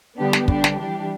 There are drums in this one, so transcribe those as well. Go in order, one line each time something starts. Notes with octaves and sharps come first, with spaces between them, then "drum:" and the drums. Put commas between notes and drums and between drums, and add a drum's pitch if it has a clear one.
D3 G3 B3 D4 G4
drum: snare
D3 G3 D4 G4, drum: kick
drum: snare
E3 G3 D4 G4